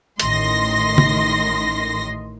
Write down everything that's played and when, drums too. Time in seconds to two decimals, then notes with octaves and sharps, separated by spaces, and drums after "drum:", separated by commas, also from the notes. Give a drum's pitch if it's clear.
0.20 A1 A2 D#3 D#5 C6 A#6, drum: hi-hat
0.98 drum: tom